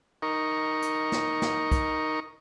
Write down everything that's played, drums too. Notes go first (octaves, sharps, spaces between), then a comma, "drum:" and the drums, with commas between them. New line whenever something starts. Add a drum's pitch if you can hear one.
D#4 A#4 C#6
drum: hi-hat
drum: snare
drum: snare
drum: kick, hi-hat